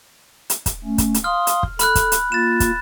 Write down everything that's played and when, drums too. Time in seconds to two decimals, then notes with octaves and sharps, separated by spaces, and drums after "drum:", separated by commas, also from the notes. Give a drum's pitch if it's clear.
0.50 drum: hi-hat
0.66 drum: kick, hi-hat
0.85 A3 C#4
0.98 drum: kick, hi-hat
1.14 drum: hi-hat
1.24 F5 C6 D#6 F6
1.47 drum: hi-hat
1.63 drum: kick
1.79 A4 B5 F6 F#6, drum: hi-hat
1.95 drum: kick, hi-hat
2.12 drum: hi-hat
2.32 A#3 F4 A6 E7
2.60 drum: kick, hi-hat